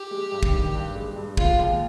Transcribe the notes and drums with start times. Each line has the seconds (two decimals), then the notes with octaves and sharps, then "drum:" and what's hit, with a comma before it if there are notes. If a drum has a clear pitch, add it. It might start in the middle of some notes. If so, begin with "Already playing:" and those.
Already playing: G4
0.11 G#3
0.32 G2
0.43 drum: kick
0.53 D#3
0.74 G2
0.95 G#3
1.16 G2
1.37 G#3 F4, drum: kick
1.59 D#2